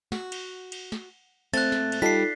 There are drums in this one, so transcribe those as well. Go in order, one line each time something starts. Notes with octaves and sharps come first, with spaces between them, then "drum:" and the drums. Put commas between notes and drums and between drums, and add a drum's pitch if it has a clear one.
F#4, drum: snare
drum: cymbal
drum: cymbal
drum: snare
A#2 A3 C4 F#6 A6, drum: cymbal
drum: snare
drum: cymbal
G3 D#4 F4 A4 B6 C7